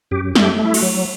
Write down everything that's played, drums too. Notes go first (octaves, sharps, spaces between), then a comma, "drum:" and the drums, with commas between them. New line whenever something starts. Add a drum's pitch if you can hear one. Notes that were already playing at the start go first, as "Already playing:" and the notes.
F#2 G4
A3, drum: snare
G4
A3
E4
F#4, drum: cymbal
F#3